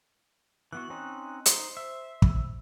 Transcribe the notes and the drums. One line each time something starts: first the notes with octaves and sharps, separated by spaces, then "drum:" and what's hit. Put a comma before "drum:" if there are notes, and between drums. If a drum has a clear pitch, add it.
E3 B3 F#4 F#6
C4 C#4 D#4
D#4 C5, drum: hi-hat
E5
drum: kick